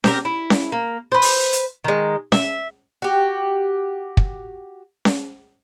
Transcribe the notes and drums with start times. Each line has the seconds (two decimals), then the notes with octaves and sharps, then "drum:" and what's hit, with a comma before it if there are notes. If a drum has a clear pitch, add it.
0.04 C4 G4 A#4, drum: snare C#4
0.25 E4
0.50 drum: snare C#4
0.72 A#3
1.12 B4 C5
1.22 drum: open hi-hat
1.53 drum: hi-hat
1.84 D#3 G#3
2.32 E5, drum: snare C#4
3.02 F#4 G4
4.17 drum: kick
5.05 drum: snare C#4